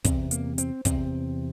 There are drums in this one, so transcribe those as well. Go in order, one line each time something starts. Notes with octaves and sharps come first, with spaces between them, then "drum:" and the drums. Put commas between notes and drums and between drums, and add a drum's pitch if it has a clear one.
E2 C3 C4, drum: kick, hi-hat
A#3, drum: hi-hat
C4, drum: hi-hat
E2 C3 C4, drum: kick, hi-hat